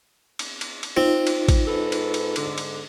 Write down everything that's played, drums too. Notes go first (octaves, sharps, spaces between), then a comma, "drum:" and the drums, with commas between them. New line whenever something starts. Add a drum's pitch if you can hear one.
drum: cymbal
drum: cymbal
drum: cymbal
C4 D#4 F4
drum: cymbal
drum: kick, cymbal
G#2 A4 B4
drum: cymbal
drum: cymbal
G#2 D3, drum: cymbal
drum: cymbal